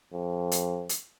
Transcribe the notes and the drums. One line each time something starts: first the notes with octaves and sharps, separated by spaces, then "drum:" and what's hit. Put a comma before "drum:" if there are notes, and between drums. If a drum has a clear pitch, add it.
F2
drum: hi-hat
drum: hi-hat